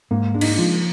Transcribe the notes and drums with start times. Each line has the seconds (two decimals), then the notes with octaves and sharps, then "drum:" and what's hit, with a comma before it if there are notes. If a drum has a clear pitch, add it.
0.11 G#2 A#3
0.34 G#3 D4
0.41 D#4, drum: cymbal
0.49 D4
0.58 F3 F4